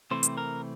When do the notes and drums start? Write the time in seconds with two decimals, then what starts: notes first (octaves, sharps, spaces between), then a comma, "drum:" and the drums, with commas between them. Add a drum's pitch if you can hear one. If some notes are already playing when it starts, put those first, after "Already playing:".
0.11 C3 E3 A3 C4 C5
0.23 drum: hi-hat
0.38 A#4